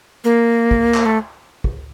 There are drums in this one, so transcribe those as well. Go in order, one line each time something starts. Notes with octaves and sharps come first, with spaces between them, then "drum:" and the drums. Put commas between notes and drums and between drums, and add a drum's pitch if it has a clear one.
A#3
drum: kick
drum: clap
A3
drum: kick